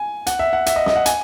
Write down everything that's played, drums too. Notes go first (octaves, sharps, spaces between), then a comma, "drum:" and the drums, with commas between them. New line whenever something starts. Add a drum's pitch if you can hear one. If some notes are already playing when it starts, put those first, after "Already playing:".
Already playing: G#5
F#5, drum: hi-hat
E5
F#5
E5, drum: hi-hat
D#5
D#5, drum: snare
F#5
G#5, drum: hi-hat